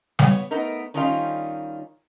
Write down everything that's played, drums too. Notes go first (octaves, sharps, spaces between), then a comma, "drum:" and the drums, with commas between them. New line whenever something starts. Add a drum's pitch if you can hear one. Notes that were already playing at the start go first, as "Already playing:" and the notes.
B3 C#5, drum: snare
A3 B3 D#4 A#4
D#3 G3 C#4 D#4 F4